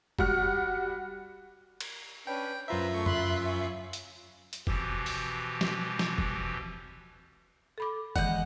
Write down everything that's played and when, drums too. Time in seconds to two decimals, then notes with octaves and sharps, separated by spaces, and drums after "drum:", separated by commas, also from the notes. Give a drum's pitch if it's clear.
0.19 G3 F#4 F#5 F6, drum: kick E1
1.81 drum: cymbal
2.27 C#4 D4 B4 G5
2.68 F#2 F4 B4 C5 E5 A#5
2.94 A3 C#6
3.06 B5 C6 F#6, drum: tom F2
3.46 G#5 C#6
3.93 drum: hi-hat
4.53 drum: hi-hat
4.67 B2 E3 F3 C4 G4, drum: kick E1
5.06 drum: open hi-hat
5.61 drum: snare
5.99 drum: snare
6.18 drum: kick E1
7.78 A4 B5 D6
8.16 D#3 E3 G#3 D#5 F#5, drum: kick E1